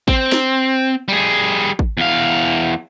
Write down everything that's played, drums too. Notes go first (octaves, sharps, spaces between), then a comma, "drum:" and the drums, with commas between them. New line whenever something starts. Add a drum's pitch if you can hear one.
C4, drum: kick
drum: snare
G3 G#4
drum: kick
E2 F5